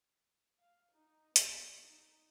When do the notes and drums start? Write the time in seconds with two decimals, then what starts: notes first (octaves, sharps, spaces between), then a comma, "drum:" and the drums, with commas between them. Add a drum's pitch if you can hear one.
0.59 F5
0.91 D#4
1.36 B3, drum: hi-hat
1.82 D#4